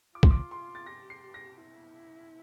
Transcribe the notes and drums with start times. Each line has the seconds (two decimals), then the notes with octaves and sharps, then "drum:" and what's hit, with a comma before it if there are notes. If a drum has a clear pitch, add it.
0.15 F4 D6
0.23 C6, drum: kick
0.31 D6
0.51 C6
0.75 A6
0.86 G4 A#6
1.10 C7
1.34 A#6
1.57 E4